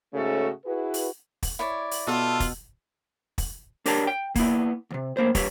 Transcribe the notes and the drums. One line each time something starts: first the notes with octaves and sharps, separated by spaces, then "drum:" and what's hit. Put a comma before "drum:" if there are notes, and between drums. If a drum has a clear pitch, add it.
G#2 C#3 A3 C#4 F#4 A4
E4 F#4 G#4 B4
drum: open hi-hat
drum: kick, open hi-hat
E4 C#5 D5
drum: open hi-hat
B2 F4 A4 F#5
drum: kick, open hi-hat
drum: kick, open hi-hat
D4 G4 A#4 C#5 G5 A5, drum: open hi-hat
G5
A#3 B3 E4, drum: kick, open hi-hat
D2 C3
A2 A#3 C5
G3 G4 B4 C#5, drum: kick, open hi-hat